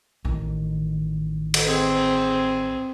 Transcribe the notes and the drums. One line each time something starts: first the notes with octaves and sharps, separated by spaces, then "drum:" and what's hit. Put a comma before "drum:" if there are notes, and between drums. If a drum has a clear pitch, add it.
A1 D#3
drum: cymbal
C4 G#4